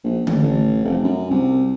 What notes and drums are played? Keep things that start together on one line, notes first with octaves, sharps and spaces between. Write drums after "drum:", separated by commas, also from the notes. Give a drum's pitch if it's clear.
A#1
A1, drum: tom D3
A1
F1
F#2
C2